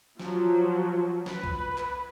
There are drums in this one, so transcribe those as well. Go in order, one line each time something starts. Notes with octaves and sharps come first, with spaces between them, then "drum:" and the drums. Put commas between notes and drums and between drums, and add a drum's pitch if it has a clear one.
F3 F#3, drum: snare
B4, drum: snare
drum: kick C2
drum: clap